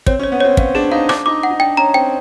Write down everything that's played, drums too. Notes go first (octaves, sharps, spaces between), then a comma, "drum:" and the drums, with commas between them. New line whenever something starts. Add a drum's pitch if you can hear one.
C4 C#5, drum: kick
C#4
C#5
B3
C4 C#5
C#4 F5, drum: kick
D4 G#4
D#4 F5
D4 D6, drum: rim click
D#4 D6
F#5
D#4
D4 G5
C#4 A#5
C4 G5